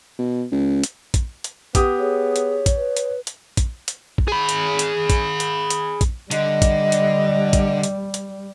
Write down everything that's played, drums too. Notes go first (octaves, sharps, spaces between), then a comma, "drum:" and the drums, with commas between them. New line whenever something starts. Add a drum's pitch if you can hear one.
B2
C#2
drum: hi-hat
drum: kick A#1, hi-hat
drum: hi-hat
B3 G4 D#6, drum: kick A#1, hi-hat
G#4 C#5
drum: hi-hat
drum: kick A#1, hi-hat
B4
drum: hi-hat
drum: hi-hat
drum: kick A#1, hi-hat
drum: hi-hat
drum: kick A#1
G#4 B5
drum: hi-hat
drum: hi-hat
drum: kick A#1, hi-hat
drum: hi-hat
drum: hi-hat
drum: kick A#1, hi-hat
D3 G3 D#5, drum: hi-hat
drum: kick A#1, hi-hat
drum: hi-hat
drum: kick A#1, hi-hat
drum: hi-hat
drum: hi-hat